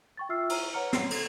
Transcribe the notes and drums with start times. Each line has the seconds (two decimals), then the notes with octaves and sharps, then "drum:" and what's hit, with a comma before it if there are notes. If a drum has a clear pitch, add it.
0.17 G5 C#6 A6
0.29 F4 E5 G5 E6 F6 C7
0.49 E4 A#5 F6 D#7, drum: cymbal
0.73 B4 C#5 F#5 A#5 F6 C#7
0.93 C7, drum: snare
1.10 A4, drum: cymbal